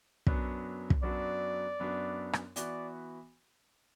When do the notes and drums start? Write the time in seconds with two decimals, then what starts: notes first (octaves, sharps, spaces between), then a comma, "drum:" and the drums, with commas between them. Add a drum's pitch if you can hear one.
0.27 F#2 F#3 B3 D4 F#4, drum: kick
0.90 drum: kick
1.02 F#2 F#3 B3 D4 F#4 D5
1.80 F#2 F#3 B3 D4 F#4
2.33 drum: rim click
2.56 E3 B3 F#4 D5, drum: hi-hat